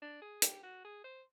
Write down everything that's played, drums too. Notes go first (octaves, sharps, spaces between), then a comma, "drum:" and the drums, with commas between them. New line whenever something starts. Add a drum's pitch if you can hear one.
D4
G#4
G4, drum: hi-hat
F#4
G#4
C5